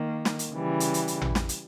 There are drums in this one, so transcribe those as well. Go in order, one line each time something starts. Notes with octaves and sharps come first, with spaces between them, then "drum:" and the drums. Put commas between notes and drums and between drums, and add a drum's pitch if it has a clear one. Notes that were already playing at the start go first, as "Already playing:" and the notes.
Already playing: D#3 A#3
drum: snare
drum: hi-hat
C#3 E3 G3
drum: hi-hat
drum: hi-hat
drum: hi-hat
drum: tom A1
drum: snare
drum: hi-hat